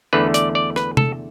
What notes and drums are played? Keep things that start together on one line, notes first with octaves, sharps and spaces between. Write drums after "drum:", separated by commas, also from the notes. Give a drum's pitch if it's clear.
E2 D3 A3 B4
D5, drum: hi-hat
D5
B4, drum: rim click
A4, drum: tom C3